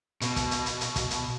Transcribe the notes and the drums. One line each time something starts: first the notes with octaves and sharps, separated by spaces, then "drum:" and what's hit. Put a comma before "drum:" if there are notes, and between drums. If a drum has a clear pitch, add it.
B2, drum: hi-hat
drum: kick, hi-hat
drum: hi-hat
drum: hi-hat
drum: hi-hat
drum: kick, hi-hat
drum: hi-hat